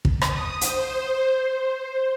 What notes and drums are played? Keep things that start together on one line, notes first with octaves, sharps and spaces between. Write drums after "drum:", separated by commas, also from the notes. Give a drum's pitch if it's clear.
drum: kick
D#6, drum: rim click
C5, drum: hi-hat
C5